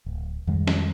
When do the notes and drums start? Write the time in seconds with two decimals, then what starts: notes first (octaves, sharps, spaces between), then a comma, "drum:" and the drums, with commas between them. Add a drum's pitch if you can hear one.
0.06 D1
0.47 F2 D#3 G3 G#3
0.67 drum: snare